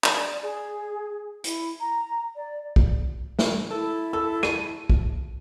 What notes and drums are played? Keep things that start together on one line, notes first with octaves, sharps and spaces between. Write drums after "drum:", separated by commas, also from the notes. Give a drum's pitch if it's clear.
D5, drum: clap
G#4
E4, drum: hi-hat
A#5
D5
drum: kick
drum: snare
E4 A4
A4 E6
D#7, drum: rim click
drum: kick